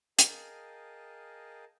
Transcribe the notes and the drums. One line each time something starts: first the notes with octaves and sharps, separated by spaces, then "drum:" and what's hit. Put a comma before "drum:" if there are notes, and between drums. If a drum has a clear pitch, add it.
G#4 A#4 D#5 F5 G5 A5, drum: hi-hat